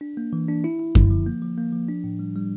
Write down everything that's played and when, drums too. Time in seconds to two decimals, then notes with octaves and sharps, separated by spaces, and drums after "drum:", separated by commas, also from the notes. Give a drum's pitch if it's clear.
0.01 D4
0.17 A#3
0.33 E3
0.48 D4
0.64 E4
0.79 E4
0.95 D3, drum: kick F#2
1.10 F3
1.26 A#3
1.42 F3
1.58 A#3
1.72 F3
1.89 D4
2.04 A2
2.19 G3
2.36 G3